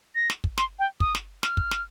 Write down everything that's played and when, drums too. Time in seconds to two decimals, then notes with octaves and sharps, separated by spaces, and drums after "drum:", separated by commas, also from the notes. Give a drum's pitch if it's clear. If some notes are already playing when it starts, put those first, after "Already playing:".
0.15 A#6
0.30 drum: snare
0.44 drum: kick
0.58 C6, drum: snare
0.79 G5
1.00 D#6, drum: kick
1.15 drum: snare
1.43 F6, drum: snare
1.57 drum: kick
1.71 drum: snare